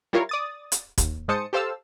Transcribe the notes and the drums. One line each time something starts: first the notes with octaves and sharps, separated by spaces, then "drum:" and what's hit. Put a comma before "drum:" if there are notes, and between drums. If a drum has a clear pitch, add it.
G3 E4 F4 A#4 C#5 F5
D5 D#6 A6
drum: hi-hat
D#2, drum: kick, hi-hat
G#2 G#3 C5 A5 D#6 C#7
G4 A4 C5 F5 A5 E6